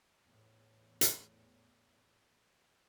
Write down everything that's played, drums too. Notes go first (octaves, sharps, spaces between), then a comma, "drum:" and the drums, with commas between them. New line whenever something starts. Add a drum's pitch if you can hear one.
E2 A2
drum: hi-hat